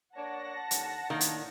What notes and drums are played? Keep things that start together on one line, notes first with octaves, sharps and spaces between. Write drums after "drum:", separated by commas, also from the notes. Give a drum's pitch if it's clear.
A#3 D4 C#5 F#5 A5 A#6
D#2 D3 C#4, drum: hi-hat
A2 D#3 A#3 D4
drum: hi-hat